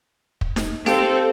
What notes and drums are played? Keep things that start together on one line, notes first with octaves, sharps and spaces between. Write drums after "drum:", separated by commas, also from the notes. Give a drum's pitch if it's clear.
drum: kick
drum: snare D#4
C4 G4 A4 F5 G5, drum: snare D#4